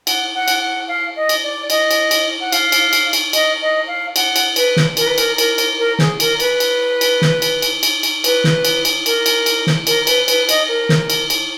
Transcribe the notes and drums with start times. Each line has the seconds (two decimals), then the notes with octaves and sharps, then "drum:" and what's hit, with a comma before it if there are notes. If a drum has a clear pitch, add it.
0.07 F#5, drum: cymbal
0.34 F#5
0.48 drum: cymbal
0.61 F#5
0.88 F5
1.16 D#5
1.29 drum: cymbal
1.43 D5
1.70 D#5, drum: cymbal
1.91 drum: cymbal
2.11 drum: cymbal
2.40 F#5
2.52 F5, drum: cymbal
2.72 drum: cymbal
2.93 drum: cymbal
3.13 drum: cymbal
3.33 D#5, drum: cymbal
3.61 D#5
3.87 F5
4.16 F#5, drum: cymbal
4.36 drum: cymbal
4.56 B4, drum: cymbal
4.76 drum: snare
4.97 A#4, drum: cymbal
5.07 B4
5.18 A#4, drum: cymbal
5.38 A#4, drum: cymbal
5.58 drum: cymbal
5.78 A#4
5.99 G#4, drum: snare
6.20 A#4, drum: cymbal
6.40 B4, drum: cymbal
6.60 drum: cymbal
7.01 drum: cymbal
7.22 drum: snare
7.42 drum: cymbal
7.62 drum: cymbal
7.83 drum: cymbal
8.03 drum: cymbal
8.24 B4, drum: cymbal
8.44 drum: snare
8.65 drum: cymbal
8.85 drum: cymbal
9.06 A#4, drum: cymbal
9.26 drum: cymbal
9.46 drum: cymbal
9.67 drum: snare
9.87 A#4, drum: cymbal
10.07 B4, drum: cymbal
10.28 B4, drum: cymbal
10.49 D#5, drum: cymbal
10.68 A#4
10.89 drum: snare
11.10 drum: cymbal
11.30 drum: cymbal